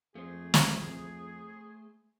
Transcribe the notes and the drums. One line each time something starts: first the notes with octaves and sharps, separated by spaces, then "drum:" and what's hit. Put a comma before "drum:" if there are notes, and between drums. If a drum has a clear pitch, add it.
F2 A3 G#4 C5
drum: snare